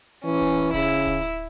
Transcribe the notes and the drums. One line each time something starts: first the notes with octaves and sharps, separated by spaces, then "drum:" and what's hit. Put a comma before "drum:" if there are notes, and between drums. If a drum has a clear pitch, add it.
E3 C#4, drum: hi-hat
drum: kick D1
drum: hi-hat
C#3 E4, drum: kick D1, open hi-hat
drum: hi-hat
drum: kick D1, hi-hat
drum: hi-hat